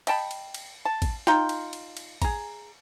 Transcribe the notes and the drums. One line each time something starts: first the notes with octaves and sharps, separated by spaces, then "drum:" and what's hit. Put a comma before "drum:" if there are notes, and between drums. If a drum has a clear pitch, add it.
D#5 G5 A5 B5, drum: cymbal
drum: cymbal
drum: cymbal
A5
drum: kick A1, cymbal
D#4 F4 G5, drum: snare
drum: cymbal
drum: cymbal
drum: cymbal
G#4 A#5, drum: kick A1, cymbal